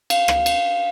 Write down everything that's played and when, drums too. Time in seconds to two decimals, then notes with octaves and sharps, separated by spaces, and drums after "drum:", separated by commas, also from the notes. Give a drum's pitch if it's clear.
0.10 F5, drum: cymbal
0.28 drum: rim click
0.46 drum: cymbal